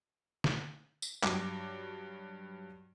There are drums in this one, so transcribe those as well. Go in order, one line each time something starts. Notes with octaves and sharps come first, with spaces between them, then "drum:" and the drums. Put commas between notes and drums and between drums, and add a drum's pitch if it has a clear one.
drum: snare
drum: tambourine
G2 F#3 D6, drum: clap